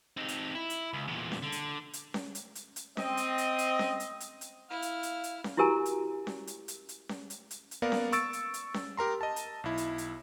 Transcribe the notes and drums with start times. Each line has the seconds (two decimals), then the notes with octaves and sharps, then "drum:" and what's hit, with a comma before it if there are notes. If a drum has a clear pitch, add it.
0.17 C4 D#4
0.28 drum: hi-hat
0.55 E4
0.70 drum: hi-hat
0.93 C#2
1.08 E2 A#2
1.32 drum: snare C#4
1.43 D3
1.52 drum: hi-hat
1.93 drum: hi-hat
2.14 drum: snare C#4
2.35 drum: hi-hat
2.55 drum: hi-hat
2.76 drum: hi-hat
2.97 C4 D#5, drum: snare C#4
3.17 drum: hi-hat
3.38 drum: hi-hat
3.59 drum: hi-hat
3.79 drum: snare C#4
4.00 drum: hi-hat
4.20 drum: hi-hat
4.41 drum: hi-hat
4.70 E4 F5 F6
4.82 drum: hi-hat
5.03 drum: hi-hat
5.24 drum: hi-hat
5.44 drum: snare C#4
5.57 E4 F#4 G4 A#4 G#5 A#5
5.85 drum: hi-hat
6.27 drum: snare C#4
6.47 drum: hi-hat
6.68 drum: hi-hat
6.89 drum: hi-hat
7.09 drum: snare C#4
7.30 drum: hi-hat
7.51 drum: hi-hat
7.71 drum: hi-hat
7.82 A#3 B3 A#4 D5 F5
7.92 drum: snare C#4
8.12 C#6 E6 A6 D7, drum: hi-hat
8.33 drum: hi-hat
8.54 drum: hi-hat
8.74 drum: snare C#4
8.97 G4 A#4 A#5 C6
9.21 D#5 A5
9.36 drum: hi-hat
9.64 B1 E4
9.78 drum: hi-hat
9.98 drum: hi-hat